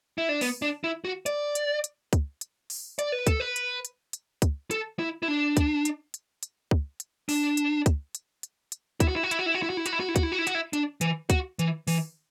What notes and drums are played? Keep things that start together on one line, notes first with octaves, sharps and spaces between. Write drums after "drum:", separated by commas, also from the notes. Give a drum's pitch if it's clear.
E4
D4
B3, drum: open hi-hat
D4
E4
F#4
D5, drum: hi-hat
drum: hi-hat
drum: hi-hat
drum: kick C#2, hi-hat
drum: hi-hat
drum: open hi-hat
D5, drum: hi-hat
B4
A4, drum: kick C#2, hi-hat
B4
drum: hi-hat
drum: hi-hat
drum: hi-hat
drum: kick C#2, hi-hat
A4, drum: hi-hat
E4
E4
D4
drum: kick C#2, hi-hat
drum: hi-hat
drum: hi-hat
drum: hi-hat
drum: kick C#2
drum: hi-hat
D4, drum: open hi-hat
drum: hi-hat
drum: kick C#2, hi-hat
drum: hi-hat
drum: hi-hat
drum: hi-hat
E4, drum: kick C#2, hi-hat
F#4
E4
F#4
E4, drum: hi-hat
F#4
E4
F#4
E4
F#4
E4
F#4, drum: hi-hat
E4
F#4
E4
F#4, drum: kick C#2, hi-hat
E4
F#4
E4
F#4, drum: hi-hat
E4
D4, drum: hi-hat
E3, drum: hi-hat
F#4, drum: kick C#2, hi-hat
E3, drum: hi-hat
E3, drum: open hi-hat